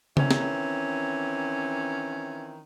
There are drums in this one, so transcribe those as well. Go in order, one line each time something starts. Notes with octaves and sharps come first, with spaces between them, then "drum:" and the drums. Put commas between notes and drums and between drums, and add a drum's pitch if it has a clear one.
D#3 E3 C4 C#4, drum: tom C#3
drum: snare